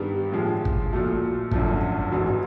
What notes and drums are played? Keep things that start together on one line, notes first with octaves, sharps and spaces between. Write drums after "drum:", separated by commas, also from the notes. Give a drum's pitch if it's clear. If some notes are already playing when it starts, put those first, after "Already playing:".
Already playing: G2 D#3 G3 B3 D4 G4
A2 F3 G#3
drum: kick
A#2 F3 A3 F#4
G#1 F#2 D3 F3 A3, drum: kick
A1 G#2 E3 F#4
F#4